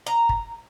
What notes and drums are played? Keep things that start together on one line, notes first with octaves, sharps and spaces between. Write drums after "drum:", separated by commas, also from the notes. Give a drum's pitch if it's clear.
A#5
drum: kick